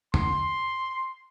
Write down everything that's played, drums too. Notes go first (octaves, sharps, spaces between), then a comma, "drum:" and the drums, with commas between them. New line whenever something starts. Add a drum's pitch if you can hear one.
C6, drum: tom